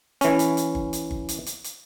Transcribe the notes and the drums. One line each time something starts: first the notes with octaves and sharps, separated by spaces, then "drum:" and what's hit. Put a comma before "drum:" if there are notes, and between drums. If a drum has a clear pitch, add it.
E3 C#4, drum: hi-hat
drum: hi-hat
drum: hi-hat
drum: kick G1
drum: hi-hat
drum: kick G1
drum: hi-hat
drum: hi-hat
drum: hi-hat